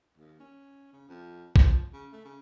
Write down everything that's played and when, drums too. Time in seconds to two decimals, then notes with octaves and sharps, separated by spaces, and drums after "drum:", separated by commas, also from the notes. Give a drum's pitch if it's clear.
0.18 D#2
0.40 C#4
0.93 C#3
1.09 F2
1.56 F3, drum: kick
1.93 C#3
2.13 A3
2.25 C#3